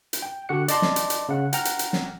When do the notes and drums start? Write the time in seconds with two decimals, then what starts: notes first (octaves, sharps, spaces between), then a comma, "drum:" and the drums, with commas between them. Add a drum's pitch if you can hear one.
0.13 drum: hi-hat
0.22 G5
0.49 D3 F#4 G4 F#5 C#7
0.68 D5 D#5 A5 C6, drum: hi-hat
0.82 drum: snare
0.96 drum: hi-hat
1.10 drum: hi-hat
1.29 C#3 F#5
1.53 F#5 G5 A#5 F6, drum: hi-hat
1.65 drum: hi-hat
1.79 drum: hi-hat
1.93 drum: snare